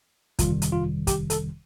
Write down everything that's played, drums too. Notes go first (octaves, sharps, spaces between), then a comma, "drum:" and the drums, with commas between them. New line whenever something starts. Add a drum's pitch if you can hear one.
G1 F2 C3 D#3 G3 F4, drum: kick, hi-hat
drum: hi-hat
F4
G4, drum: kick, hi-hat
A4, drum: hi-hat